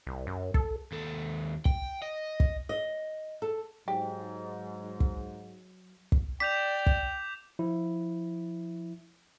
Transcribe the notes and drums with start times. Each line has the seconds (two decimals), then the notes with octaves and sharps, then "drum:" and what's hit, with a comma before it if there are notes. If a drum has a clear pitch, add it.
0.07 C2
0.27 F#2
0.54 A4, drum: kick
0.92 D#2 A4
1.65 G5, drum: kick
2.02 D#5
2.40 drum: kick
2.69 D#5
3.42 A4
3.88 G#2 F#3 G4
5.00 drum: kick
6.12 drum: kick
6.40 D5 G5 D6 G6 B6 F7
6.86 drum: kick
7.59 F3 E4